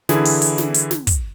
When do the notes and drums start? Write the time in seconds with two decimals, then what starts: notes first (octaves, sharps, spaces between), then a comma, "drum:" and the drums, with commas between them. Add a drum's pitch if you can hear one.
0.09 D3 E3 E4 G#4, drum: snare
0.25 drum: open hi-hat
0.42 drum: hi-hat
0.58 drum: snare
0.74 drum: hi-hat
0.91 drum: snare
1.07 drum: kick, hi-hat